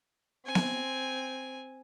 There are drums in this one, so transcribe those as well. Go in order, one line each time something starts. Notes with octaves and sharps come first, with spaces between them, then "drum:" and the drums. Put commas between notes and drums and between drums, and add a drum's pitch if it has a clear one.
C4 G#5
drum: snare B3